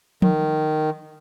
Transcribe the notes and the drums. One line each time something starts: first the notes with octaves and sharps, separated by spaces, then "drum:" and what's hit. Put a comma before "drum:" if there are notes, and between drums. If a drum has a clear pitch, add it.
D#3, drum: tom F3